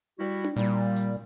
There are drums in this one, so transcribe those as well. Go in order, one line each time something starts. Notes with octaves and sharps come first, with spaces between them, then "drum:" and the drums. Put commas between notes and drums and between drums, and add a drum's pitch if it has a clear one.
G3 E4 F#4
drum: tom D4
A#2 G3
drum: hi-hat